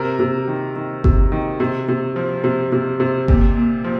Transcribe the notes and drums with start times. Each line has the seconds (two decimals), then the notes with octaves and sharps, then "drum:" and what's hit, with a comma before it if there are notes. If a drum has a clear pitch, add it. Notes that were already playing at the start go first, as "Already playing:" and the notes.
Already playing: C3 A#4
0.19 C3
0.48 D#3
0.76 D#3
1.04 C3, drum: kick G1
1.32 D#3
1.60 C3
1.88 C3
2.16 F3
2.44 C3
2.72 C3
3.00 C3
3.28 A#2 G4, drum: kick G1
3.56 A#2
3.84 F3